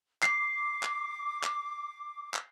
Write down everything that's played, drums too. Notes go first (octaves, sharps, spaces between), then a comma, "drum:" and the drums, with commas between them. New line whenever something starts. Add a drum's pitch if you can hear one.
D6 C7, drum: clap
drum: clap
drum: clap
drum: clap